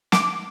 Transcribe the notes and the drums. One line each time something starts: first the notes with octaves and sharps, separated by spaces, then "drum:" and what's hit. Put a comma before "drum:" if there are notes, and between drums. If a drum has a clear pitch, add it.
D6, drum: snare